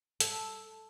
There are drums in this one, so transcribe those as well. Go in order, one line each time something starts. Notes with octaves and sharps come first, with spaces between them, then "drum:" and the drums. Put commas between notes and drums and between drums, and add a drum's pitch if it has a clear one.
A4, drum: hi-hat